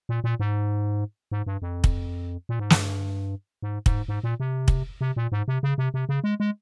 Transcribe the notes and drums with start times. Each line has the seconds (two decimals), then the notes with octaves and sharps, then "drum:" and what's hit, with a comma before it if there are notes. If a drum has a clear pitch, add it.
0.09 A#2
0.24 A#2
0.40 G#2
1.32 G#2
1.46 G2
1.62 F2
1.84 drum: kick
2.49 A#2
2.59 G#2
2.70 G2, drum: snare
3.62 G#2
3.86 G#2, drum: kick
4.08 G#2
4.24 A#2
4.40 C3
4.68 drum: kick
5.01 C3
5.16 A#2
5.32 G#2
5.48 C3
5.63 C#3
5.78 C3
5.94 C3
6.09 C#3
6.24 G#3
6.40 G#3